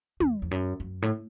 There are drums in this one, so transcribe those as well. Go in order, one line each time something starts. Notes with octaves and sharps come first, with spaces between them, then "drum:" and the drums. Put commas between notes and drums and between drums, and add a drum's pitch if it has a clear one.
E2, drum: tom
E2
F#2
F#2
A2